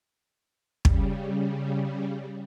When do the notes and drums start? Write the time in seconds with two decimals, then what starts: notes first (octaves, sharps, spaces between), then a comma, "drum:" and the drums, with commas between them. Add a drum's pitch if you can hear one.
0.85 C#3 G3, drum: kick